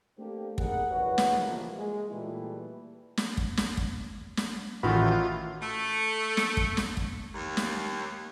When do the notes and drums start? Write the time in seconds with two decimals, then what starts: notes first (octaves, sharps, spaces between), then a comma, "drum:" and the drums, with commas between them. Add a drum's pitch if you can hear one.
0.18 A3 A#3 C4 D4 G4
0.58 G#1 G3 G#4 A#4 F#5, drum: kick
0.90 F#1 F2 F#4 B4 C#5 F#5
1.18 drum: snare
1.38 C#2 B2 E3 F3 G3 A#3
1.76 G#3
2.11 A#2 E3 G3 A3 E4
3.17 drum: snare
3.37 drum: kick
3.57 drum: snare
3.77 drum: kick
4.37 drum: snare
4.83 A1 A2 D#3 E3 F4 F#4 B5
5.62 A3
6.37 drum: snare
6.57 drum: kick
6.77 drum: snare
6.97 drum: kick
7.35 D#2
7.57 drum: snare